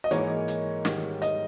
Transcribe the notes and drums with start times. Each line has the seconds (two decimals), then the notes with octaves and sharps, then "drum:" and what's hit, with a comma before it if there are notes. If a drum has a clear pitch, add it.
0.04 D#5
0.11 G#2 E3 A#3 D#4 A#4 C#5, drum: hi-hat
0.48 drum: hi-hat
0.85 G#2 D#3 G3, drum: snare
1.22 D#5, drum: hi-hat